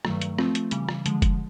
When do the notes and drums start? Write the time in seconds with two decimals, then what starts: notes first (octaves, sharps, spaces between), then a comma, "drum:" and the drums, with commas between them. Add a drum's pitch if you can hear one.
0.05 G2 D#3 F#3 A3, drum: rim click
0.21 drum: hi-hat
0.38 F3 A3 C4 F4, drum: rim click
0.55 drum: hi-hat
0.71 C#3 E3 G3, drum: hi-hat
0.89 drum: rim click
1.06 D3 F3 G#3, drum: hi-hat
1.22 drum: kick, hi-hat